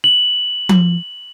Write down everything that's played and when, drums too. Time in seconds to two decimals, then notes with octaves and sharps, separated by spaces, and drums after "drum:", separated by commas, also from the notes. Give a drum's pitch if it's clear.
0.04 F#7
0.69 drum: tom F3